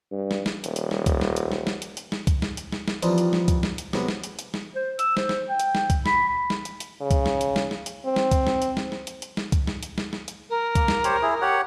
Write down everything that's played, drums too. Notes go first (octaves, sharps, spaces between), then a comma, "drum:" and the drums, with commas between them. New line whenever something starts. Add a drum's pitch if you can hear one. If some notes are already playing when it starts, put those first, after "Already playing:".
G2
drum: snare
drum: snare
D#1, drum: hi-hat
drum: hi-hat
drum: snare
drum: kick C2, hi-hat
drum: snare
drum: hi-hat
drum: snare
drum: snare
drum: hi-hat
drum: hi-hat
drum: snare
drum: kick C2, hi-hat
drum: snare
drum: hi-hat
drum: snare
drum: snare
E3 F3 G3 C4 D#4 F4, drum: hi-hat
drum: hi-hat
drum: snare
drum: kick C2, hi-hat
drum: snare
drum: hi-hat
C3 F#3 G#3 B3, drum: snare
drum: snare
drum: hi-hat
drum: hi-hat
drum: snare
C5
E6, drum: hi-hat
C5, drum: snare
drum: snare
G5
drum: hi-hat
drum: snare
drum: kick C2, hi-hat
B5, drum: snare
B5
drum: snare
drum: hi-hat
drum: hi-hat
C#3
drum: kick C2, hi-hat
drum: snare
drum: hi-hat
drum: snare
drum: snare
drum: hi-hat
C4
drum: snare
drum: kick C2, hi-hat
drum: snare
drum: hi-hat
drum: snare
drum: snare
drum: hi-hat
drum: hi-hat
drum: snare
drum: kick C2, hi-hat
drum: snare
drum: hi-hat
drum: snare
drum: snare
drum: hi-hat
A#4
A#3, drum: kick C2, hi-hat
drum: snare
G4 C5 C#5, drum: hi-hat
E4 G#4
G4 C#5 F#5